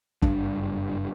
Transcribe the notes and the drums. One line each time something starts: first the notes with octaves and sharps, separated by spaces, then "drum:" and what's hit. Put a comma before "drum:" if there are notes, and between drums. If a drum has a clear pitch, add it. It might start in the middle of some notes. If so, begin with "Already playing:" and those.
F#1 G2 D4, drum: kick